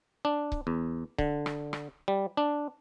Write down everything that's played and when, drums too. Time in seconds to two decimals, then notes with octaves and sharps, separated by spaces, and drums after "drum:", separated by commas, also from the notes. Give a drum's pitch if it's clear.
0.25 D4
0.52 drum: kick C#1
0.67 E2
1.19 D3, drum: kick C#1
1.46 drum: rim click
1.73 drum: rim click
2.08 G3
2.37 D4